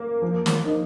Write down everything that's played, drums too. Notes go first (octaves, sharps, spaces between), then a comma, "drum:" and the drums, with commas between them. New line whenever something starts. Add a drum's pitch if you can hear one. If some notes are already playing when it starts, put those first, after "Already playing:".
Already playing: A#3
F3
drum: snare
D#4